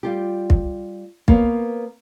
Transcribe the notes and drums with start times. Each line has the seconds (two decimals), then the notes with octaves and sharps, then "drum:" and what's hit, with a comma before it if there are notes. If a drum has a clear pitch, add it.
0.03 G3 F4 G4
0.50 drum: kick
1.28 A#3 B3 C#5 F5, drum: kick